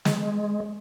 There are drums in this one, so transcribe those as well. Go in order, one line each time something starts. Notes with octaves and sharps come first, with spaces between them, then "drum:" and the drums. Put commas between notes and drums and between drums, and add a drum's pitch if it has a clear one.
G#3, drum: snare